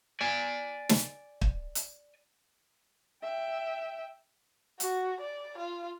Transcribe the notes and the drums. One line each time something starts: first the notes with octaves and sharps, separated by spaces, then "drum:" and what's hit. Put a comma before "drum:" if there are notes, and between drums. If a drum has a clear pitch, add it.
D5 G#5
drum: snare
drum: kick
drum: hi-hat
E5 G5
F#4, drum: hi-hat
D5
F4